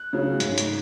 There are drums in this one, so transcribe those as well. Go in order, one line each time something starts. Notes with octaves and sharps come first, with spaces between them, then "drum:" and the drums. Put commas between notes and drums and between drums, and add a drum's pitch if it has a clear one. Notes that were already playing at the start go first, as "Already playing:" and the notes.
Already playing: F#6
C#3 F#3
G#2, drum: hi-hat
drum: hi-hat